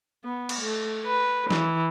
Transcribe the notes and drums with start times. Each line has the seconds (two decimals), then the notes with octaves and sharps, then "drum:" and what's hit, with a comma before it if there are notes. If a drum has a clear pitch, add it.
0.25 B3
0.49 drum: cymbal
0.62 A3
1.05 B4
1.51 E3, drum: snare